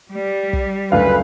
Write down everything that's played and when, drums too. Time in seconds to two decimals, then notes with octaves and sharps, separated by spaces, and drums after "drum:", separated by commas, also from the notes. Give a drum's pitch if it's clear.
0.12 G3
0.53 drum: kick
0.92 F#1 D2 B4 F5